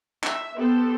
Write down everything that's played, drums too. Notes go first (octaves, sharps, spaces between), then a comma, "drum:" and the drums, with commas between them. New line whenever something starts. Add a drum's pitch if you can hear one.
E5, drum: clap
B3 G4 A4 B4 C5